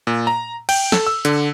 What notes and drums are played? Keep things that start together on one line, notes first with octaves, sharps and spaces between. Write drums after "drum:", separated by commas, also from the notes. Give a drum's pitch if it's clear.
A#2
A#5
G5, drum: cymbal
A4, drum: snare
E6
D3, drum: hi-hat